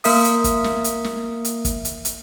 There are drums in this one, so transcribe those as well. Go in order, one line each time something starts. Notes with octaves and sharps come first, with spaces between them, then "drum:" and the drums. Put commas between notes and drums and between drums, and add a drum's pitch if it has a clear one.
A#3 A#4 E5 D#6, drum: open hi-hat
drum: hi-hat
drum: kick, hi-hat
drum: snare
drum: hi-hat
drum: snare
drum: hi-hat
drum: kick, hi-hat
drum: hi-hat
drum: hi-hat